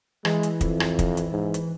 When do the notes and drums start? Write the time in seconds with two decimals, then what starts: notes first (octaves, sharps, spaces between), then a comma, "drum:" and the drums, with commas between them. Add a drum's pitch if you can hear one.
0.25 E3 G#3, drum: rim click
0.43 drum: hi-hat
0.61 F2, drum: kick, hi-hat
0.80 drum: rim click
0.99 drum: kick, hi-hat
1.17 drum: hi-hat
1.32 G#2
1.54 drum: hi-hat